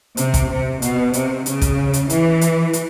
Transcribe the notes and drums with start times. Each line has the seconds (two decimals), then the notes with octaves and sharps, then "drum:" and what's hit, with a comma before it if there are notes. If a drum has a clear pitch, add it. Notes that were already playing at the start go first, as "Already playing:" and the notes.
0.17 C3, drum: hi-hat
0.34 drum: kick, hi-hat
0.50 C3
0.82 B2, drum: hi-hat
1.13 C3, drum: hi-hat
1.46 C#3, drum: hi-hat
1.62 drum: kick, hi-hat
1.93 drum: hi-hat
2.10 E3, drum: hi-hat
2.41 drum: hi-hat
2.73 drum: hi-hat